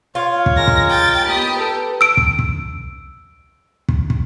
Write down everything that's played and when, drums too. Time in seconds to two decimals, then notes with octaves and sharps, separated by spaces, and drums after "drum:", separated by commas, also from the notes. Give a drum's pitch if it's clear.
0.15 F4 C#5
0.46 drum: kick
0.57 G#3 A#4 A#6
0.67 drum: kick
0.89 G5 A6
1.25 D#4 G4 B5 D#6
1.55 A4 B4
2.01 E6 D7
2.17 drum: kick
2.39 drum: kick
3.89 drum: kick
4.10 drum: kick